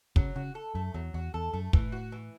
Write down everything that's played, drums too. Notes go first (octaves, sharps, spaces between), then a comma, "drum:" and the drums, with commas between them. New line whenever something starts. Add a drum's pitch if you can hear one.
C#3 F#3, drum: kick
C#3 F#4
A4
F#2 A3
E2 F#3
E2 F#4
E2 A4
F#2 A3
A2 E3, drum: kick
F#4
E3